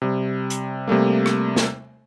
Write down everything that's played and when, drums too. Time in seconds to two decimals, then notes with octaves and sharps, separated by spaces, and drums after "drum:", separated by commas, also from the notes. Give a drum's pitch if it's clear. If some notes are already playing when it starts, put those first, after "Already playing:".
0.02 C3 G3
0.50 drum: hi-hat
0.88 C3 G3 A3 A#3
1.26 drum: rim click
1.56 drum: snare